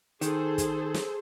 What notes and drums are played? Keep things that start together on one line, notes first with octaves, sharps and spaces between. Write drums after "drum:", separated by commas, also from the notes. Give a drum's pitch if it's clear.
D#3 G#4 A4 C5, drum: hi-hat
drum: kick, hi-hat
drum: snare